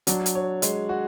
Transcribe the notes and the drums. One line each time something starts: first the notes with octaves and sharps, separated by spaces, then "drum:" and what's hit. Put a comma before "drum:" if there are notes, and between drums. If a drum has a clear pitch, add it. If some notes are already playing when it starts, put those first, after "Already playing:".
F#3 D4, drum: hi-hat
drum: hi-hat
C#5
G#3, drum: hi-hat
F#4